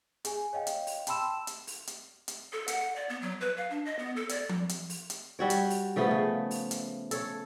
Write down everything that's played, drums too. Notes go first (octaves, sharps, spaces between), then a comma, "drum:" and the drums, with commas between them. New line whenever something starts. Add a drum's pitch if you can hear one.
G#4 G#5, drum: hi-hat
C#5 D#5 F5 G5
drum: hi-hat
drum: open hi-hat
G5 A5 B5 C6 E6 E7, drum: hi-hat
drum: hi-hat
drum: open hi-hat
drum: hi-hat
drum: hi-hat
A4
F#5, drum: hi-hat
D5
B3
F#3
B4
F5
D4
D#5
B3
A4
D5, drum: hi-hat
drum: tom F3
drum: hi-hat
drum: open hi-hat
drum: hi-hat
G3 F#4 C#5
drum: hi-hat
drum: open hi-hat
C#3 F3 A3 B3
C#3
drum: open hi-hat
drum: hi-hat
A4 C#5, drum: hi-hat